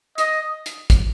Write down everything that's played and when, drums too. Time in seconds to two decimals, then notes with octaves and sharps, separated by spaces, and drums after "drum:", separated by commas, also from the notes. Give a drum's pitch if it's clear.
0.18 D#5, drum: hi-hat
0.66 drum: hi-hat
0.90 drum: kick, hi-hat